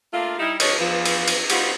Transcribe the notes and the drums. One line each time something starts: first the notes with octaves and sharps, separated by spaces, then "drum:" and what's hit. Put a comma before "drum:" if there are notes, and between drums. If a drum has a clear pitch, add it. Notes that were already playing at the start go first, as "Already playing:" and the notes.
A3 A#3 D4 F4
G3 D#4 E4
D3 F3 F4 G4 C#5 D#5, drum: cymbal
E2 E3 F3
drum: cymbal
drum: cymbal
G3 B3 C4 D#4 F4 F#4, drum: cymbal